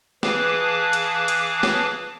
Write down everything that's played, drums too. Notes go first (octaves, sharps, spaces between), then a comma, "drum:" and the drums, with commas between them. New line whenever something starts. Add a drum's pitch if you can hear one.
E3 G#4 B4 F5 A5 D6, drum: snare
drum: hi-hat
drum: hi-hat
drum: snare